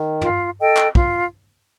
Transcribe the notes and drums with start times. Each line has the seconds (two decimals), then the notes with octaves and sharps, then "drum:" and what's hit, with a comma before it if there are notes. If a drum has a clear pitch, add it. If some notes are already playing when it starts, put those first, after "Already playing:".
Already playing: D#3
0.21 F4, drum: tom
0.59 A4 D#5 G5
0.77 drum: clap
0.95 F4, drum: kick